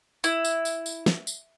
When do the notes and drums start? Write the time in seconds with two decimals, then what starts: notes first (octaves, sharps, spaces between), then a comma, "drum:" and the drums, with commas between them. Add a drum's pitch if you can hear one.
0.24 E4, drum: tambourine
0.45 drum: tambourine
0.65 drum: tambourine
0.86 drum: tambourine
1.06 drum: snare
1.27 drum: tambourine